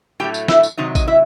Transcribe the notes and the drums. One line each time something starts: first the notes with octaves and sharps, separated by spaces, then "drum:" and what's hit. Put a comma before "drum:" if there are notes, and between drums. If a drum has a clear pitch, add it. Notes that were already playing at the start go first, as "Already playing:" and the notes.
A2 F#3 A3 G4 G5
drum: tambourine
E4 E5, drum: snare
drum: tambourine
C3 D#3 F#3 D#4 D#5
D#5, drum: kick A1, tambourine
E4 E5